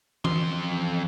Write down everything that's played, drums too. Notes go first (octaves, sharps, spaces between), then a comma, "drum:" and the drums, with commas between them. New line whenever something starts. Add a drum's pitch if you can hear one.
F2 C6, drum: tom E3